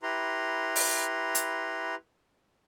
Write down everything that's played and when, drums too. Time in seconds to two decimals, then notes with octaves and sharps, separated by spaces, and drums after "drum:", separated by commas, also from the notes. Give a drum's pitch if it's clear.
0.03 E4 G4 B4 A#5 C6
0.76 drum: open hi-hat
1.35 drum: hi-hat